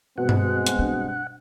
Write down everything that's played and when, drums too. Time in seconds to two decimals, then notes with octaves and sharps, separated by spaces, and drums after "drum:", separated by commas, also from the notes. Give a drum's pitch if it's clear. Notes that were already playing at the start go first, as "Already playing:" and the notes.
0.18 G2 B2 G#3 C4 F#5
0.29 drum: tom G2
0.66 drum: hi-hat
0.79 D4